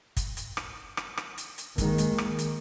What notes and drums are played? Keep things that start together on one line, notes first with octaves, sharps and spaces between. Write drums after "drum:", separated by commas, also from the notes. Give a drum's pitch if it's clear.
drum: kick, hi-hat
drum: hi-hat
drum: rim click
drum: rim click
drum: rim click
drum: hi-hat
drum: hi-hat
D#3 G#3 A#3, drum: kick, hi-hat
drum: hi-hat
drum: rim click
drum: hi-hat